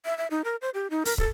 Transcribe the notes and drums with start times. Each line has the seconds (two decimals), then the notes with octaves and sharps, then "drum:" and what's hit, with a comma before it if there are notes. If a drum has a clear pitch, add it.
0.05 E5
0.18 E5
0.31 D#4
0.44 A#4
0.62 C5
0.74 G4
0.90 D#4
1.05 A#4, drum: open hi-hat
1.18 A4, drum: kick